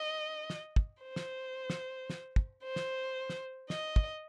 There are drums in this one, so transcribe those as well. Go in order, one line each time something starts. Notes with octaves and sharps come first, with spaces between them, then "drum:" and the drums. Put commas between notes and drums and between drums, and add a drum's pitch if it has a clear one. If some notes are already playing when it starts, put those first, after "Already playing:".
Already playing: D#5
drum: snare
drum: kick
C5
drum: snare
drum: snare
drum: snare
drum: kick
C5
drum: snare
drum: snare
D#5, drum: snare
drum: kick